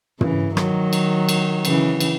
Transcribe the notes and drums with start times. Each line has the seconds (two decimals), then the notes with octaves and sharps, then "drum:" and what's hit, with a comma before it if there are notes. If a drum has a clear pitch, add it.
0.21 C#3 E3, drum: tom
0.57 D#3 F#3, drum: rim click
0.93 drum: cymbal
1.29 drum: cymbal
1.65 C#3 E3, drum: cymbal
2.00 drum: cymbal